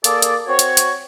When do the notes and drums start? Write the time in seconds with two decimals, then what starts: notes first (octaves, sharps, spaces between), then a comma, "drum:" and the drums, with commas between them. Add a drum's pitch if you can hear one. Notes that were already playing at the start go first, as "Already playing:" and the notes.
0.04 A#3 G#4 A4 D5, drum: hi-hat
0.22 drum: hi-hat
0.48 C4 F#4 C#5
0.59 drum: hi-hat
0.77 drum: hi-hat